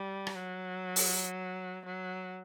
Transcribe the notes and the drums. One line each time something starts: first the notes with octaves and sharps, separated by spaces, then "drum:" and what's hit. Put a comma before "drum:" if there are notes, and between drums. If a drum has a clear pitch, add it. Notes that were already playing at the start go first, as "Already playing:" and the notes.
Already playing: G3
drum: rim click
F#3
drum: open hi-hat
F#3